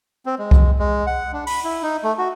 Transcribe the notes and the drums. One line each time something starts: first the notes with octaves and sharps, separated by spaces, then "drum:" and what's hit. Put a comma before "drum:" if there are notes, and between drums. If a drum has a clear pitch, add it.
C4
G#3
drum: kick C2
G#3
F#5
D4
B5, drum: open hi-hat
E4
D#4
A3
F#4